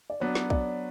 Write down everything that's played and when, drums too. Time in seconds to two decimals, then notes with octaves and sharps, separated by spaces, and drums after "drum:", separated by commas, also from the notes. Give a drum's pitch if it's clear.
0.10 D5
0.20 F#3 B3 D4 C#5
0.35 drum: snare
0.50 D5, drum: kick